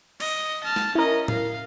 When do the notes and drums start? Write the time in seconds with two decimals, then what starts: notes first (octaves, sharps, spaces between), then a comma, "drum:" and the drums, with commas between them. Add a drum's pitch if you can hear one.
0.20 D#5, drum: cymbal
0.64 A5 F6
0.76 drum: snare
0.95 C#4 E4 A#4 D#5
1.28 F5, drum: tom A2